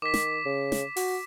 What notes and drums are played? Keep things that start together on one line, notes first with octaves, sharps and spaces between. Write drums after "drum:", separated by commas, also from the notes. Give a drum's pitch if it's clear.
D#3 D6 B6
drum: snare
C#3
drum: snare
F#4, drum: open hi-hat